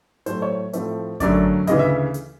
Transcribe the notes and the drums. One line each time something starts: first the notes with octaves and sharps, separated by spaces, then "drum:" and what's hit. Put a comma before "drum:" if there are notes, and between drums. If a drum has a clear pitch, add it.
A2 F#3 A3 C5, drum: hi-hat
C#5
A2 F3 A3 C4, drum: hi-hat
F#2 D3 F#3 A3 C#4 D5, drum: kick G#1, hi-hat
D2 C#3 E3 D#5, drum: hi-hat
E5
drum: hi-hat